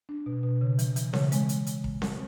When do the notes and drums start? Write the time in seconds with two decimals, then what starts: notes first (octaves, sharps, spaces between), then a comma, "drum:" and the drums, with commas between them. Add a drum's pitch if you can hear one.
0.09 D4
0.26 B2
0.43 B2
0.61 C#3
0.79 E3, drum: hi-hat
0.96 E3, drum: hi-hat
1.13 C#3, drum: snare C4
1.32 G#3, drum: hi-hat
1.49 drum: hi-hat
1.67 drum: hi-hat
1.84 drum: kick
2.02 drum: snare C4